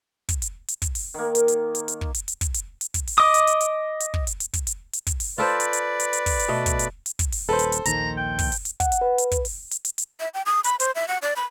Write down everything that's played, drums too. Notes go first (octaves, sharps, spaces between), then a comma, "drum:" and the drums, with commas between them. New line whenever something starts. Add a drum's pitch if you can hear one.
drum: kick, hi-hat
drum: hi-hat
drum: hi-hat
drum: kick, hi-hat
drum: open hi-hat
D#3 A#3
drum: hi-hat
drum: hi-hat
drum: hi-hat
drum: hi-hat
drum: kick
drum: hi-hat
drum: hi-hat
drum: kick, hi-hat
drum: hi-hat
drum: hi-hat
drum: kick, hi-hat
drum: open hi-hat
D#5 D6 D#6
drum: hi-hat
drum: hi-hat
drum: hi-hat
drum: hi-hat
drum: kick
drum: hi-hat
drum: hi-hat
drum: kick, hi-hat
drum: hi-hat
drum: hi-hat
drum: kick, hi-hat
drum: open hi-hat
F4 A4 B4 C5 D5
drum: hi-hat
drum: hi-hat
drum: hi-hat
drum: hi-hat
drum: kick, open hi-hat
drum: hi-hat
B2 A3 D#5
drum: kick, hi-hat
drum: hi-hat
drum: hi-hat
drum: kick, hi-hat
drum: open hi-hat
D#1 A4 B4 C5
drum: hi-hat
drum: hi-hat
A#1 D#2 D#3 A#5, drum: hi-hat
G5
drum: kick, open hi-hat
drum: hi-hat
drum: hi-hat
F#5, drum: kick, hi-hat
drum: hi-hat
B4
drum: hi-hat
drum: kick, hi-hat
drum: open hi-hat
drum: hi-hat
drum: hi-hat
drum: hi-hat
E5
G5
D#6
B5, drum: hi-hat
C5, drum: hi-hat
E5
F#5
D5
B5